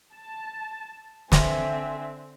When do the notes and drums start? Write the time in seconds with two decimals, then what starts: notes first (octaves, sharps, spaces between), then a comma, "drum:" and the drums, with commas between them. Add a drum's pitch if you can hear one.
0.13 A5
1.32 D3 C4 E5 G#5, drum: snare